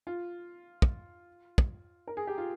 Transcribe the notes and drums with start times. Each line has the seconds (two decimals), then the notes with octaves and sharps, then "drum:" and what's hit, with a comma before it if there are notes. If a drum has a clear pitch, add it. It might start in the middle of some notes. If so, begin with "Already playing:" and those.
0.07 F4
0.82 drum: kick
1.58 drum: kick
2.07 A#4
2.17 G#4
2.27 G4
2.38 F4